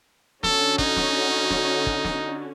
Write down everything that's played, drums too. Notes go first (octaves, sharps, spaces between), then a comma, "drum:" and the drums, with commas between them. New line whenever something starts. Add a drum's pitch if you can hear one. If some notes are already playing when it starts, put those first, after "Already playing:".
D3 C#4 F#4 A4, drum: snare
D#4, drum: kick
drum: snare
drum: snare
drum: kick
drum: snare